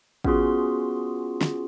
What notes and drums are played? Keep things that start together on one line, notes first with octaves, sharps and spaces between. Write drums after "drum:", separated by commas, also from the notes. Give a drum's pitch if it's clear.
B3 C#4 F4 F#4 G#4 C6, drum: kick
drum: snare